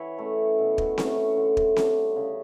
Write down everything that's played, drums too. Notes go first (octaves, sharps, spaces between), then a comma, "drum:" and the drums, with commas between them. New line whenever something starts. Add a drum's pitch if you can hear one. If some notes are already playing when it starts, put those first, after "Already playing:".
Already playing: E3 C#5 E5 F#5 B5
A3 C#4
B2
drum: kick
A3 C#4, drum: snare C4
D3
drum: kick
G3 D4, drum: snare C4
C#3